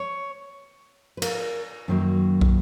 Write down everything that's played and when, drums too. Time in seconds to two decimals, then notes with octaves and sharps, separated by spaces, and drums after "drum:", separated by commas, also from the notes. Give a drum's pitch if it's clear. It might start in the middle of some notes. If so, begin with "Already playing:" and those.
Already playing: C#5
1.17 B4
1.22 A#4, drum: cymbal
1.88 F#2 D#3 F#3 A#3
2.41 drum: kick